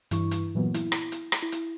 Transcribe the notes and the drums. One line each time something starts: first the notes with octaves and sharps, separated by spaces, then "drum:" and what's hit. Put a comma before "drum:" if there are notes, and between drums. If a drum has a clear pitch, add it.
G2 E3 E4 C#6, drum: hi-hat
drum: hi-hat
A#2 E3 F#3 A#3 B3
E4, drum: hi-hat
drum: rim click
drum: hi-hat
drum: rim click
E4
drum: hi-hat